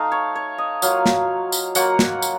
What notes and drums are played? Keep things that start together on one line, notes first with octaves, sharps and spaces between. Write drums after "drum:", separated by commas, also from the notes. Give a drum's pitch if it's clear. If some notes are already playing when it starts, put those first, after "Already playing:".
Already playing: A3 D#4 F5
C#5
C#5
D#5
F#3 A#3 F4 F5, drum: tambourine
drum: snare
drum: tambourine
F#3 A#3 F4 F#5, drum: tambourine
drum: snare
drum: tambourine